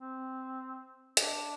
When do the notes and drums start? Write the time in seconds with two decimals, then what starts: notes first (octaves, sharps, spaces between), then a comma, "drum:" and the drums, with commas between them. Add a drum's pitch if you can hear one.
0.01 C4
1.17 D4, drum: hi-hat